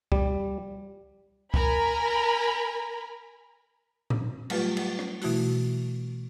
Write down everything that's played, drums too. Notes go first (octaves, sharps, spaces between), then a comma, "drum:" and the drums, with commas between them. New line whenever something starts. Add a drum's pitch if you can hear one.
G3, drum: kick C#2
A#4 G#5 A#5 B5, drum: kick C#2
drum: tom A2
F#3 G3 A3 F4 G4 B4, drum: cymbal
drum: cymbal
drum: rim click
B2 E3 A3 E4 F#4, drum: open hi-hat